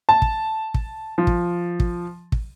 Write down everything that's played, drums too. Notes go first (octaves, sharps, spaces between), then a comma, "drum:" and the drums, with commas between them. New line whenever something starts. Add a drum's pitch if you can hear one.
A5
drum: kick
drum: kick
F3
drum: kick
drum: kick
drum: kick